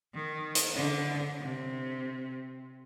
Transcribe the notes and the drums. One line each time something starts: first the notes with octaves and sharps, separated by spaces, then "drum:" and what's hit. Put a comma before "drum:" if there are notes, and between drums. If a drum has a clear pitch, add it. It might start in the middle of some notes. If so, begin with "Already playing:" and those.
D#3
drum: hi-hat
D3
C3